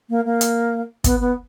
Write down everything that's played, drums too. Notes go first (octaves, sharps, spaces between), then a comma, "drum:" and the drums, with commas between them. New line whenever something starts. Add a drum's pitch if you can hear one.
A#3
A#3
drum: hi-hat
B3, drum: kick, hi-hat
B3